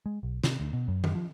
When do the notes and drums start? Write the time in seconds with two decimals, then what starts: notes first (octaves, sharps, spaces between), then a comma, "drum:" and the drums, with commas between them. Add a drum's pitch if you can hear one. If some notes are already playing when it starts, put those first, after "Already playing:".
0.06 G#3
0.23 B1
0.44 C3, drum: snare
0.60 D2
0.73 B2
0.88 F#2
1.04 drum: tom
1.15 F3